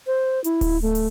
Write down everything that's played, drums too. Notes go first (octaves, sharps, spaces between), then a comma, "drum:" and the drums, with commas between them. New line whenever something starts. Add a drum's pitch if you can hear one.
C5
E4, drum: hi-hat
drum: kick D1, open hi-hat
A3
drum: open hi-hat